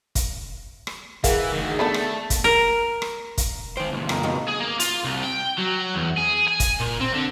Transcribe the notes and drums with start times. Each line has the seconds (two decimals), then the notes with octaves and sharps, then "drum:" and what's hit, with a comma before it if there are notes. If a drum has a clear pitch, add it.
0.15 drum: kick, hi-hat
0.87 drum: rim click
1.24 E3 G#4 A#4 F5 F#5, drum: kick, hi-hat
1.53 D2 D#3
1.79 A3 B3 D4 A4
1.94 drum: rim click
2.30 drum: kick, hi-hat
2.44 A#4
3.02 drum: rim click
3.38 drum: kick, hi-hat
3.77 D#3 C5 G5
3.92 C#2 A#2
4.09 F2 A#4 D#5, drum: rim click
4.23 B2 B3 D#4
4.48 G#4
4.60 A#3
4.80 F4, drum: hi-hat
5.05 C2
5.24 G5
5.58 F#3
5.94 E2
6.17 G#4
6.48 G#5
6.60 drum: kick, hi-hat
6.80 A#2
7.01 C4
7.14 D3